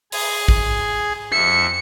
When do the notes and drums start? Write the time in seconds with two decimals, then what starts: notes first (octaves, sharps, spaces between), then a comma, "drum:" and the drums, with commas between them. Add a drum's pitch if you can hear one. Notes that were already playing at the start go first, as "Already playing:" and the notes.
0.12 G#4 G#5, drum: open hi-hat
0.48 drum: kick A1
1.32 F2 E5 C#7